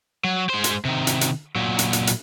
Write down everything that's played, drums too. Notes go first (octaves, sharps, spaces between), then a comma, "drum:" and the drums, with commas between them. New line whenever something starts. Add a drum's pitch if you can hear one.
F#3
G#3 C5
drum: hi-hat
C3 D#3
drum: hi-hat
drum: hi-hat
A#2 F#3
drum: hi-hat
drum: hi-hat
drum: hi-hat